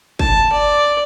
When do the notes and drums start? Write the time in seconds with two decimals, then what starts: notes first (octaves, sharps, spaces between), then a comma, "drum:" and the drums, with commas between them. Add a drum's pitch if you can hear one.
0.19 A5, drum: kick
0.52 D5